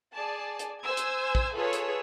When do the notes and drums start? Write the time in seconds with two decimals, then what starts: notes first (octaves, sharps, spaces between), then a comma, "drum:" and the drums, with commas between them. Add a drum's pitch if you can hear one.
0.14 G#4 D5 G#5 A5
0.59 drum: hi-hat
0.84 C5 G#5 E6 G#6
0.97 drum: hi-hat
1.35 drum: kick
1.54 F4 G#4 A4 B4 C#5 E6
1.73 drum: hi-hat